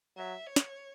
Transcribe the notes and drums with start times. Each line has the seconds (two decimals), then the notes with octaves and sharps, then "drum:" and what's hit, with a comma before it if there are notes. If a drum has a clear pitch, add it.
0.17 F#3 E5
0.47 C#5
0.56 drum: snare